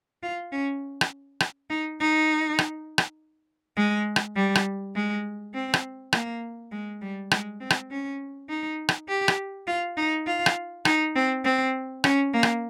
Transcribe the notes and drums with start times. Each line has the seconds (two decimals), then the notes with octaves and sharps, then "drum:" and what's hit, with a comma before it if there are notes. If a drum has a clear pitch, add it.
0.23 F4
0.52 C#4
1.01 drum: rim click
1.40 drum: rim click
1.69 D#4
2.00 D#4
2.59 drum: rim click
2.98 drum: rim click
3.76 G#3
4.16 drum: rim click
4.36 G3
4.55 drum: rim click
4.95 G#3
5.54 C4
5.74 drum: rim click
6.13 A#3, drum: rim click
6.72 G#3
7.01 G3
7.31 G#3, drum: rim click
7.60 C4
7.70 drum: rim click
7.90 C#4
8.49 D#4
8.89 drum: rim click
9.08 G4
9.28 drum: rim click
9.67 F4
9.97 D#4
10.26 F4
10.46 drum: rim click
10.85 D#4, drum: rim click
11.15 C4
11.44 C4
12.04 C#4, drum: rim click
12.34 A#3
12.43 drum: rim click